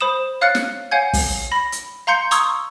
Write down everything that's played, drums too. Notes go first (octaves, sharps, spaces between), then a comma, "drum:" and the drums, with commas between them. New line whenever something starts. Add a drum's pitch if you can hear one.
C5 B5 D#6 E7
C#5 F5 F6 F#6 A6 C#7
drum: snare
C#5 F5 F#5 G#5 G6 G#6
drum: kick, open hi-hat
B5 A#6
drum: hi-hat
F5 A#5 C6 G6 C#7
A#5 C6 C#6 D#6 E6 G#6, drum: hi-hat